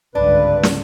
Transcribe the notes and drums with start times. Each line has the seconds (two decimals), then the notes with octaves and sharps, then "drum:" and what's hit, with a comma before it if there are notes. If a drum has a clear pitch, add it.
0.15 G#1 C#2 G2 D3 D4 B4 D5
0.63 drum: snare